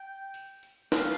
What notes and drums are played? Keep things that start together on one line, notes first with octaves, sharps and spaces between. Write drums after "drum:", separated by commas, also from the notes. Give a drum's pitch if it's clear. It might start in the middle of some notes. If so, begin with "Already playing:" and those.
Already playing: G5
drum: tambourine
drum: tambourine
B2 A3 D4 F5, drum: snare